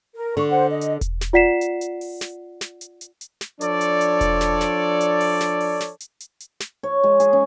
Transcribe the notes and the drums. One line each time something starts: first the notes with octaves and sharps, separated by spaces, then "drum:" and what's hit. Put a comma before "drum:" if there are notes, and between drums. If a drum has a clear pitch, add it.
A#4
D3 C#6
C5 F#5
D#5
drum: hi-hat
drum: kick E1, hi-hat
drum: snare
F4 D5 F#5 B6 C7 E7
drum: hi-hat
drum: hi-hat
drum: open hi-hat
drum: snare
drum: snare
drum: hi-hat
drum: hi-hat
drum: hi-hat
drum: snare
F3 D4 A4 C#5 D5, drum: hi-hat
drum: hi-hat
drum: hi-hat
drum: kick E1, hi-hat
drum: snare
drum: snare
drum: hi-hat
drum: open hi-hat
drum: snare
drum: open hi-hat
drum: snare
drum: hi-hat
drum: hi-hat
drum: hi-hat
drum: snare
C#5
G#3
G#4, drum: hi-hat
C#4